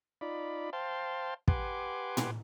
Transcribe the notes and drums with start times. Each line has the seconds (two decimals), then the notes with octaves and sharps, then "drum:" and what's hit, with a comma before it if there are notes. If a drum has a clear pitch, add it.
0.21 D#4 F4 D5 B5
0.73 C5 F5 G5 A5 C6
1.48 G4 B4 F#5 G#5 C6 D6, drum: kick
2.17 drum: tom A2